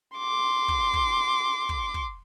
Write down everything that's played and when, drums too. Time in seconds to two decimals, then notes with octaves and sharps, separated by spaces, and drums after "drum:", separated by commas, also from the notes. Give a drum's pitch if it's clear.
0.18 C6 D6
0.68 drum: kick
0.93 drum: kick
1.69 drum: kick
1.94 drum: kick